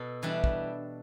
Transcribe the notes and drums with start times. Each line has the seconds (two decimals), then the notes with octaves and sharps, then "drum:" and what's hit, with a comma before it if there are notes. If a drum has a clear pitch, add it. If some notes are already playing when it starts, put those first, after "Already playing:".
Already playing: B2 A4
0.23 E3 G3 D4
0.44 drum: kick